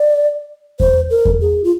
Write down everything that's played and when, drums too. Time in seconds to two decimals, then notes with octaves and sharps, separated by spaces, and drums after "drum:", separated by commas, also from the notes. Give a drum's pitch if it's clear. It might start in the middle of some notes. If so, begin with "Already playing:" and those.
Already playing: D5
0.80 C5, drum: kick E2
1.10 A#4
1.25 drum: kick E2
1.41 G#4
1.64 F4